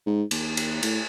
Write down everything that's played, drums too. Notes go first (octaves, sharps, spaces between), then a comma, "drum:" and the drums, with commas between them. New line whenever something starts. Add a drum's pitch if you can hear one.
G#2
D#2, drum: cymbal
drum: cymbal
A2, drum: cymbal